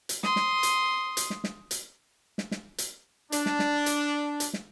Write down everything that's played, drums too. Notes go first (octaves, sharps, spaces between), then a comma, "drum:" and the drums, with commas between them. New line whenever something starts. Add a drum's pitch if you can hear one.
drum: hi-hat
C6 D#6, drum: snare
drum: snare
drum: hi-hat
drum: hi-hat
drum: snare
drum: snare
drum: hi-hat
drum: snare
drum: snare
drum: hi-hat
D4, drum: hi-hat
drum: snare
drum: snare
drum: hi-hat
drum: hi-hat
drum: snare